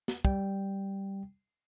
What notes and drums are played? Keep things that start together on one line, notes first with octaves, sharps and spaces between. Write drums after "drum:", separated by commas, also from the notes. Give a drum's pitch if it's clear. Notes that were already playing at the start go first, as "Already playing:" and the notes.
drum: snare
G3 G5, drum: kick